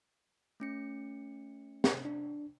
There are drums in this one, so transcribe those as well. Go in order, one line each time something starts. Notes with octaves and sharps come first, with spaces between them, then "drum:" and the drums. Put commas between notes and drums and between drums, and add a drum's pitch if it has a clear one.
A3 C#4 C#7
drum: snare
D4